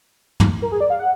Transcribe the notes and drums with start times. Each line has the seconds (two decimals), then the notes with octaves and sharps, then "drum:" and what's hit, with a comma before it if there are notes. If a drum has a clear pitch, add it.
0.40 drum: tom
0.62 A#4
0.72 G#4
0.80 D5
0.90 F5
0.99 F#5